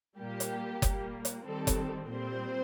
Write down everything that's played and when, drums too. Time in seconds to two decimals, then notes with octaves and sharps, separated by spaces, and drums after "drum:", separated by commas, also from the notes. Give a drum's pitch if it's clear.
0.19 A#2 G3 A#3 G4
0.40 drum: hi-hat
0.82 A#2 G3 A#3, drum: kick F#1, hi-hat
1.25 drum: hi-hat
1.46 D#3 G3 C4 A4
1.67 drum: kick F#1, hi-hat
2.09 A#2 G3 C4 C5